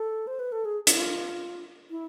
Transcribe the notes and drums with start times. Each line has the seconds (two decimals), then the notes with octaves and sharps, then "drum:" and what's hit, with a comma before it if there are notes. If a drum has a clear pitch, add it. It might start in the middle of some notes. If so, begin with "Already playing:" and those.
Already playing: A4
0.27 C5
0.39 B4
0.52 A4
0.65 G#4
0.87 F4, drum: hi-hat
0.93 E4
1.00 F4
1.90 E4